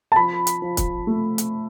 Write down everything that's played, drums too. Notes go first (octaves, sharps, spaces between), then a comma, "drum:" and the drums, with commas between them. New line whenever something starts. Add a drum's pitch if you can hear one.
A5
F3 B5
drum: hi-hat
F3
drum: kick, hi-hat
A3
drum: hi-hat